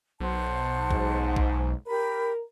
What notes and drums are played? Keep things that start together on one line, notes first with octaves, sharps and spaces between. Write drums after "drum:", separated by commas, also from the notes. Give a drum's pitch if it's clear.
B1 C5 F#5 A5
G#2, drum: kick A1
drum: kick A1
G4 A#4 B5